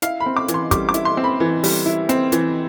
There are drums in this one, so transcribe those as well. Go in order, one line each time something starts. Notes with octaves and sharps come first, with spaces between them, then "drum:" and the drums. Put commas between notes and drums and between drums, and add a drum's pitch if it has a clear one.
E4 F5, drum: hi-hat
B5
C4
D6
E3, drum: hi-hat
C6
G3 D6, drum: kick, hi-hat
D6
E4, drum: hi-hat
C6
C4
B5
E3
G3, drum: open hi-hat
E4
C4, drum: hi-hat
E3, drum: hi-hat